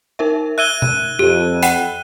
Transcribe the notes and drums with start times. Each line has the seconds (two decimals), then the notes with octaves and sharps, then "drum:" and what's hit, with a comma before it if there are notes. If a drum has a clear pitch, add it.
0.19 D#4 A#4 E5
0.58 E5 E6 F#6 G#6 D#7 G7
0.82 drum: tom B2
1.19 F2 G4
1.63 F#5 G5 B5, drum: hi-hat